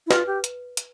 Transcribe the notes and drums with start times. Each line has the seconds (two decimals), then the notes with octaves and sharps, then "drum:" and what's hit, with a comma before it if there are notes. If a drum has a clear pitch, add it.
0.07 E4
0.11 F4 B4, drum: snare
0.27 G4
0.44 drum: hi-hat
0.77 drum: hi-hat